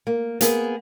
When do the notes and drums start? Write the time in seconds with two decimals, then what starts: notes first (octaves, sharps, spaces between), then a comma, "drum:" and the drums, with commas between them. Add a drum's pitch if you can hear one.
0.07 A#3
0.41 A#3 B3 G#4, drum: hi-hat